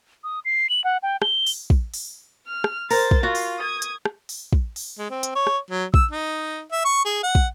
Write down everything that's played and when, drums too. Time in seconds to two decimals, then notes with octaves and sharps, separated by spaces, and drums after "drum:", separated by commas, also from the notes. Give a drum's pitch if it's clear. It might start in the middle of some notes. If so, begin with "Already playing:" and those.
0.24 D#6
0.45 C7
0.69 F#7
0.84 F#5
1.03 G5
1.22 G7, drum: rim click
1.47 drum: open hi-hat
1.70 drum: kick
1.94 drum: open hi-hat
2.47 F6
2.64 drum: rim click
2.91 A#4 C5 A6, drum: open hi-hat
3.11 drum: kick
3.23 F4 F#4
3.35 drum: open hi-hat
3.59 D#6 G#6
3.82 drum: hi-hat
4.05 drum: rim click
4.29 drum: open hi-hat
4.53 drum: kick
4.76 drum: open hi-hat
4.98 G#3
5.10 C4
5.23 drum: hi-hat
5.35 C#5
5.47 drum: rim click
5.70 F#3
5.94 E6, drum: kick
6.11 D#4
6.72 E5
6.85 C#6
7.05 G#4
7.23 F#5
7.35 drum: kick